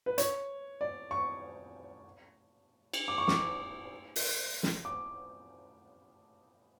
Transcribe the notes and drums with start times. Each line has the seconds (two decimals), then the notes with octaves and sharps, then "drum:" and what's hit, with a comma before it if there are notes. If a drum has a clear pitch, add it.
0.06 B4
0.18 C#5, drum: hi-hat
0.81 D5
1.11 C#6
2.94 drum: cymbal
3.08 D6
3.18 C#6
3.28 D6, drum: snare
4.16 drum: open hi-hat
4.63 drum: snare
4.85 D6